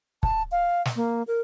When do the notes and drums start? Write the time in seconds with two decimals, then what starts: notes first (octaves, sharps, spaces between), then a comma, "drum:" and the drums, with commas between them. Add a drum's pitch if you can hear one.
0.23 A5, drum: kick
0.52 F5
0.85 drum: snare
0.96 A#3
1.27 A#4